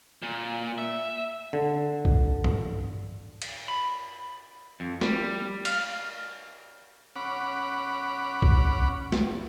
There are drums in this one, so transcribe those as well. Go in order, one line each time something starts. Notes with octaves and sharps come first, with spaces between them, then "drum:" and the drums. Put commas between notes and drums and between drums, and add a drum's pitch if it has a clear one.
A#2
E5
D3
drum: kick B1
drum: tom G2
drum: cymbal
B5
F2
G3, drum: snare
F5, drum: cymbal
C#4 F#5 B5 D6
drum: kick B1
drum: snare